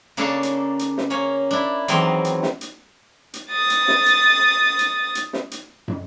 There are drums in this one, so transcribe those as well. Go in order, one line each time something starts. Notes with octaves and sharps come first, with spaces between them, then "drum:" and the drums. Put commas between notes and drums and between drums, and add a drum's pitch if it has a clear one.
C#3 A#3 D4 A4 A5
drum: hi-hat
drum: hi-hat
drum: snare
A#3 C#4 C#5
D4 E4
E2 D#3 F#3 C4 A#4 C6, drum: hi-hat
drum: hi-hat
drum: snare
drum: hi-hat
drum: hi-hat
D#6 A6
drum: hi-hat
drum: snare
drum: hi-hat
drum: hi-hat
drum: hi-hat
drum: snare
drum: hi-hat
drum: tom